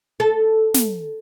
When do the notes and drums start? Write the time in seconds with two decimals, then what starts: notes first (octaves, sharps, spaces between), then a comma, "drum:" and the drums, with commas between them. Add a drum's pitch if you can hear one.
0.20 A4
0.74 drum: snare